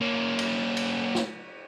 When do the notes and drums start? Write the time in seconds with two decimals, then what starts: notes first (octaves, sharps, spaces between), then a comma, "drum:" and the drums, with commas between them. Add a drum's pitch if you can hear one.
0.01 A#3 C#4
0.39 drum: cymbal
0.77 drum: cymbal
1.15 drum: snare